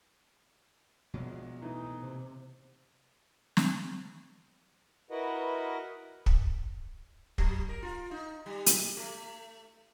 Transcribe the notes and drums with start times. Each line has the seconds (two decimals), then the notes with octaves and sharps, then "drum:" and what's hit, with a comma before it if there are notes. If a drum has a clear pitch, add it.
1.14 A#1 B2 F#3 G#3 A#3
1.62 E3 A3 D#4
2.01 C3
3.57 drum: snare
5.11 E4 F#4 A#4 B4 D#5 F#5
6.26 drum: kick
7.38 F#3, drum: kick
7.69 A#4
7.82 F4
8.11 D#4
8.46 G3
8.66 drum: hi-hat
8.97 A3